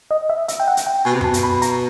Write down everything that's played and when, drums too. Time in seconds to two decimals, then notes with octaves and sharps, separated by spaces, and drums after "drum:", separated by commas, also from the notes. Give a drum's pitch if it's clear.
0.11 D#5
0.30 E5
0.48 E5, drum: hi-hat
0.60 G5
0.68 F#5
0.77 drum: hi-hat
0.86 G5
1.05 B2 G#5
1.14 C3
1.21 B2 A5, drum: tom F#2
1.34 drum: hi-hat
1.43 B5
1.62 A#5, drum: hi-hat